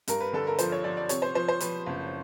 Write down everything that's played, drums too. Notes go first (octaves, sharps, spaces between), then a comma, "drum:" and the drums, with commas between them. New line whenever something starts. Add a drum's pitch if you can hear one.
G2 A#4, drum: hi-hat
B4
D3 A4
A#4
F3 C5, drum: hi-hat
C#5
F3 D5
D5
C3 C#5, drum: hi-hat
C5
F3 C5
C5
F3 B4, drum: hi-hat
F#1